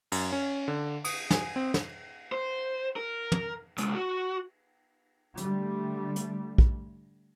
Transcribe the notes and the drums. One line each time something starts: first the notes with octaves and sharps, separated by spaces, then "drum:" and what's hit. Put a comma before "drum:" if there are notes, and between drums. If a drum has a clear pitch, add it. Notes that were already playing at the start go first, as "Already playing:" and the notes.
F#2, drum: cymbal
C#4
D3
D#6, drum: cymbal
G#5, drum: snare
C4
drum: snare
C5
A#4
drum: tom
C2 G#3, drum: hi-hat
F#4
D3 G3 A3, drum: hi-hat
drum: hi-hat
drum: kick A#1